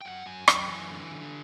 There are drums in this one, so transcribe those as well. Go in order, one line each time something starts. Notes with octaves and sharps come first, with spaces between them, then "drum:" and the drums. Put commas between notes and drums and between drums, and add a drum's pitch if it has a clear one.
G5
F#2 F#5
F#2 G#5
F#2 G5, drum: rim click
E3 G#5
D3
D3